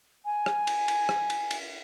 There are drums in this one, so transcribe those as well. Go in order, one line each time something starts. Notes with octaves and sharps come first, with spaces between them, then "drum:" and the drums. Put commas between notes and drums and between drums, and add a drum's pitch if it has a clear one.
G#5
drum: rim click
drum: cymbal
drum: cymbal
drum: rim click
drum: cymbal
drum: cymbal